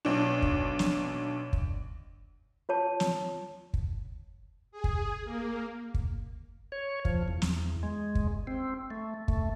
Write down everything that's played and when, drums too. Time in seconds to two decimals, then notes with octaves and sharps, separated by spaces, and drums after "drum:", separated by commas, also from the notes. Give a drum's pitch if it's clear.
0.05 B1 D4
0.42 drum: kick
0.79 drum: snare
1.53 drum: kick
2.69 F4 C#5 A5
3.00 drum: snare
3.74 drum: kick
4.71 G#4
4.84 drum: kick
5.24 A#3
5.94 drum: kick
6.72 C#5
7.05 F3, drum: kick
7.28 E2
7.42 drum: snare
7.83 G#3
8.15 drum: kick
8.47 C4
8.90 A3
9.28 A3, drum: kick